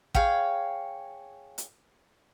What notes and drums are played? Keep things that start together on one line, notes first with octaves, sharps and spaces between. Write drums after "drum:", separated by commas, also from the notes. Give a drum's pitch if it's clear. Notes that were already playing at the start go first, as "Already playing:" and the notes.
G#4 C#5 F5 G5, drum: kick A1
drum: hi-hat